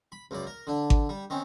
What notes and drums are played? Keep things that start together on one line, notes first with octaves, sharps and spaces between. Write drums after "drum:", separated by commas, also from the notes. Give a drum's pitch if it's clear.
B5
C#2 F#2 D5
A#4
D3 D4
drum: kick G#1
G3
D#3 C4 C#4